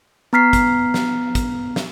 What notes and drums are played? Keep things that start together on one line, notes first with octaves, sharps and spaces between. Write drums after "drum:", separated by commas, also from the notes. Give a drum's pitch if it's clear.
B3 A#5 F6 B6 C7
drum: kick, hi-hat
drum: snare
drum: kick, hi-hat
drum: snare